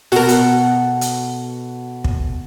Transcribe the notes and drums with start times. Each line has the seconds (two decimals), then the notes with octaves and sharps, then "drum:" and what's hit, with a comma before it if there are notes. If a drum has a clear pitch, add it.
0.12 B2 F#4 A4 A#4 F#5, drum: open hi-hat
0.28 drum: hi-hat
1.01 drum: hi-hat
2.04 drum: kick